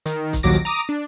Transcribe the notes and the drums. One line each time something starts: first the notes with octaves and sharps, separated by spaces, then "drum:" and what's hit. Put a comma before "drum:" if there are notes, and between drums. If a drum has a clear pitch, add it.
D#3, drum: hi-hat
drum: kick, hi-hat
A#1 D#2 D#3 F#3 D6 A#6
A#5 D6 D#6
D4